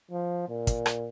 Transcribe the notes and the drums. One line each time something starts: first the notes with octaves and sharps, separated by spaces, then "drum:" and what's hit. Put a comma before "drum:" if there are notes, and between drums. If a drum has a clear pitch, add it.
F3
A#2
drum: kick, hi-hat
drum: rim click